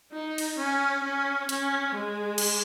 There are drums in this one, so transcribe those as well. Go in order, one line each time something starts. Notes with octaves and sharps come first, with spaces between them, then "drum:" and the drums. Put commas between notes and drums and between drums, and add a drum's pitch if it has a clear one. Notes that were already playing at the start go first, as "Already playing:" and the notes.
D#4
drum: cymbal
C#4
C#4
C#4, drum: hi-hat
G#3
drum: cymbal